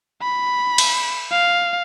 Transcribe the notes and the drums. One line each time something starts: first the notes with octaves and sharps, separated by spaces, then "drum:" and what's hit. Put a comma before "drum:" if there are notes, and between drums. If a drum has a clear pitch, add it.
B5
drum: cymbal
F5